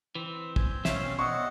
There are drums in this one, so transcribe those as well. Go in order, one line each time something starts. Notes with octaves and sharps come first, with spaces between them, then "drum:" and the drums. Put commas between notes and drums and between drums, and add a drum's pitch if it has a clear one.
E3 C4
C4 G#5 G6, drum: kick
B2 C#4 E5 F5, drum: snare
G3 C4 C#5 D#5 F#5 C#6